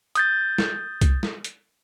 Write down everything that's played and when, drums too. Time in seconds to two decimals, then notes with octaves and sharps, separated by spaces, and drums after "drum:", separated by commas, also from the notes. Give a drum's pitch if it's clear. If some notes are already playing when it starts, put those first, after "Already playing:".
0.15 D#6 G6 A6, drum: hi-hat
0.58 drum: snare
1.01 drum: kick C2, hi-hat
1.23 drum: snare
1.44 drum: hi-hat